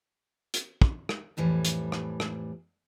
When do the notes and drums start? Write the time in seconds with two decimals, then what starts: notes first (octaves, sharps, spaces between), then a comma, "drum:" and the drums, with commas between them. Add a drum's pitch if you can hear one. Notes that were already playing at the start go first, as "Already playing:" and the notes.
0.54 drum: hi-hat
0.82 drum: kick
1.09 drum: rim click
1.37 F2 A2 E3 G3
1.65 drum: hi-hat
1.92 drum: rim click
2.20 drum: rim click